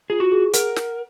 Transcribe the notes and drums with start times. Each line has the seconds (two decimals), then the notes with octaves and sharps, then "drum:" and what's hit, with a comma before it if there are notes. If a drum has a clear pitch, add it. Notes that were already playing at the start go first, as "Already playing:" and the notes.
0.10 F4 G#4
0.20 F#4
0.32 G#4
0.53 A#4 F#5, drum: hi-hat
0.76 drum: snare